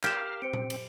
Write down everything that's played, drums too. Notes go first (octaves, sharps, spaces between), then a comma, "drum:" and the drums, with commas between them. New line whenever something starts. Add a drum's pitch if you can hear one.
G4 A#4 F5 F6 E7, drum: clap
C4 C5 C#7 D7
drum: tom A#2
drum: cymbal